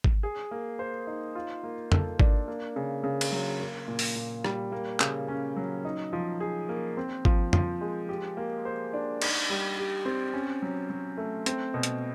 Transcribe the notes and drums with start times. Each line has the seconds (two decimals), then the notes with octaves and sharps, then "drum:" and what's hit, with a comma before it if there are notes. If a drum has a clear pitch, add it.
0.04 drum: kick G#1
0.23 G#4
0.51 A#3
0.79 C5
1.07 D#4
1.35 F4
1.63 A#3
1.92 A4, drum: tom
2.20 D4, drum: kick G#1
2.48 A#3
2.76 C#3
3.04 C#3
3.21 drum: cymbal
3.32 F#3
3.60 A#3
3.88 A#2
3.99 drum: open hi-hat
4.16 A#2
4.44 G3, drum: rim click
4.72 A#3
5.00 C#3, drum: clap
5.28 C#4
5.56 F#3
5.85 D#4
6.13 F3
6.40 G#4
6.69 A#3
6.97 C4
7.25 F3, drum: kick G#1
7.53 F3, drum: tom
7.81 G#3
8.09 G4
8.37 A#3
8.65 C5
8.93 D4
9.22 D#4, drum: cymbal
9.50 G3
9.78 G4
10.05 C4
10.34 C#4
10.62 F#3
10.90 F#3
11.17 A3
11.46 C4, drum: hi-hat
11.74 B2
11.83 drum: hi-hat